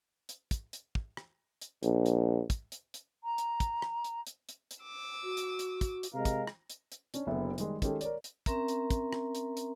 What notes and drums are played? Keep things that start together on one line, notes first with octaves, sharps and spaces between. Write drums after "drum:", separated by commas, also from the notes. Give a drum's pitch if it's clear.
drum: hi-hat
drum: kick, hi-hat
drum: hi-hat
drum: kick
drum: rim click
drum: hi-hat
A#1, drum: hi-hat
drum: hi-hat
drum: kick, hi-hat
drum: hi-hat
drum: hi-hat
A#5
drum: hi-hat
drum: kick, hi-hat
drum: rim click
drum: hi-hat
drum: hi-hat
drum: hi-hat
drum: hi-hat
D6 E6
F#4
drum: hi-hat
drum: hi-hat
drum: kick, hi-hat
drum: hi-hat
C3 G#3 A#4 F5
drum: kick, hi-hat
drum: rim click
drum: hi-hat
drum: hi-hat
C#4 D4, drum: hi-hat
F#1 D3 F#3 B3 E5
D#3 G3 G#3, drum: hi-hat
D#3 G#3 C#4 G4 A4, drum: kick, hi-hat
A#4 C#5 D5, drum: hi-hat
drum: hi-hat
C4 C#4 A#4 E5 A#5, drum: kick, hi-hat
drum: hi-hat
drum: kick, hi-hat
drum: rim click
drum: hi-hat
drum: hi-hat